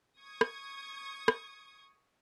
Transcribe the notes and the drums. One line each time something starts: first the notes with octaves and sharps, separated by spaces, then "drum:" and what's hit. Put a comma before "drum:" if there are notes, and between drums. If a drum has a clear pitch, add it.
C#6 D#6 G#6
drum: rim click
drum: rim click